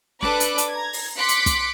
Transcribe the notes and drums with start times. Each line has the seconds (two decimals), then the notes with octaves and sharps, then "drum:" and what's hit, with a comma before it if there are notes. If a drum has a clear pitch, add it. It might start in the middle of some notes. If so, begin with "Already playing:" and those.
0.22 D4 A4 B4 D6 F#6, drum: snare
0.40 drum: hi-hat
0.58 drum: hi-hat
0.70 A#5 G#6
0.93 drum: open hi-hat
1.18 C6 D6 F#6 B6 C#7 D7
1.29 drum: hi-hat
1.46 drum: kick, hi-hat